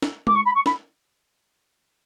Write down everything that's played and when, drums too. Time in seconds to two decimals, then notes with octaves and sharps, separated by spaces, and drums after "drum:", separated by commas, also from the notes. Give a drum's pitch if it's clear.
0.02 drum: snare
0.27 D6, drum: tom G#3
0.35 C#6
0.45 B5
0.55 C#6
0.66 B5, drum: snare